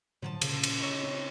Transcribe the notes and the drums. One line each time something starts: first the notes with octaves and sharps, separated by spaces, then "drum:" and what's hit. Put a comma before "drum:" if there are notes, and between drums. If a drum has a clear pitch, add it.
A2 D3 F3 F#3 C#5 A5
A#2 C#3, drum: cymbal
drum: cymbal
D#4 C#5 E5
C4 C#4